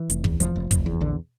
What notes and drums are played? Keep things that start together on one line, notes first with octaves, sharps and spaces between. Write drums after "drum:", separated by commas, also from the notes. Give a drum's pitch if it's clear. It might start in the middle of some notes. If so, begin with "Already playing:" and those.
Already playing: E3
F1, drum: hi-hat
E2, drum: kick
F1 F3, drum: hi-hat
F1
F1, drum: kick, hi-hat
E2
A#1 D3